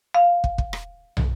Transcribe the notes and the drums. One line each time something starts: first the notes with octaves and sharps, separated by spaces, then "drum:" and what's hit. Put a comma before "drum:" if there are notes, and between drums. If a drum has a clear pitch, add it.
F5
drum: kick
drum: kick
drum: rim click
drum: tom